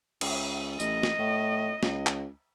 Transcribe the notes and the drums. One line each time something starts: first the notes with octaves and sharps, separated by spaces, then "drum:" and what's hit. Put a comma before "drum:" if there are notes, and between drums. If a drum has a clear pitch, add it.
C#2, drum: cymbal
A1 D#5, drum: tambourine
drum: snare
A2
C#2, drum: snare
drum: clap